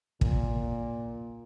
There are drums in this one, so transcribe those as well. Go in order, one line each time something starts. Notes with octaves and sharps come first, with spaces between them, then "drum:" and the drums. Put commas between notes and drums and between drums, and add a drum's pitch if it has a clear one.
A#2, drum: kick